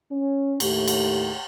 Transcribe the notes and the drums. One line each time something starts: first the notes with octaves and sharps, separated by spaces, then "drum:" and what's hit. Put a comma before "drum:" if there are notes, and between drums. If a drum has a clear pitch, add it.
C#4
D#2 A2 A3 G4, drum: cymbal
drum: cymbal